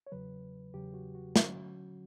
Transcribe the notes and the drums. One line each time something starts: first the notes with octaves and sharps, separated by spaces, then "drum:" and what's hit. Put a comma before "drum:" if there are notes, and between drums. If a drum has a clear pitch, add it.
C#5
E2 C#3 F#3 B4
E2 C#3 F#3 G4
F#4
F#4
D3 F#3 C#4 F#4, drum: snare